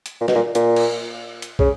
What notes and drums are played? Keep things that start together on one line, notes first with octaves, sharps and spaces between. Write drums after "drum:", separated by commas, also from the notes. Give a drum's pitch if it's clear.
drum: hi-hat
A#2
B2, drum: snare
A#2
A#2, drum: hi-hat
drum: cymbal
drum: hi-hat
C#3, drum: kick